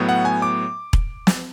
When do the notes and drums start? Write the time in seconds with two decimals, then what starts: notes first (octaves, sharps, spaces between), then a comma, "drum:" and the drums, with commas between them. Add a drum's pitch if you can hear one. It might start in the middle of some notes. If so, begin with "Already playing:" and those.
Already playing: A2 F#3 B3
0.09 F#5
0.25 G#5
0.42 D6
0.93 drum: kick E1
1.27 drum: snare